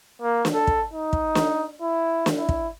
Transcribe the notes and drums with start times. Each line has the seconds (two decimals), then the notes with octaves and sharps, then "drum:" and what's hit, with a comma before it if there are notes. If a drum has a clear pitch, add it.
0.22 A#3
0.45 drum: snare
0.54 A4
0.67 drum: kick
0.93 D#4
1.13 drum: kick
1.35 drum: snare
1.82 E4
2.26 drum: snare
2.38 E4
2.49 drum: kick